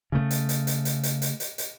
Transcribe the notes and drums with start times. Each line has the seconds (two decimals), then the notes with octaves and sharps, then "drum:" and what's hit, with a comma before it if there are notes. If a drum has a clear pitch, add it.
0.12 C#3 A3
0.31 drum: hi-hat
0.49 drum: hi-hat
0.67 drum: hi-hat
0.85 drum: hi-hat
1.03 drum: hi-hat
1.22 drum: hi-hat
1.40 drum: hi-hat
1.58 drum: hi-hat